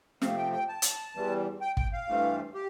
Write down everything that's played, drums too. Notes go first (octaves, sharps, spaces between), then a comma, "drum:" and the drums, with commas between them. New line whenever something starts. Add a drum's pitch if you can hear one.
C3 F3 A3 C4 F5, drum: snare
G5
G5
A5
drum: hi-hat
E2 E3 G3
G5
G5, drum: kick
F5
G2 E3 A3 C4
G4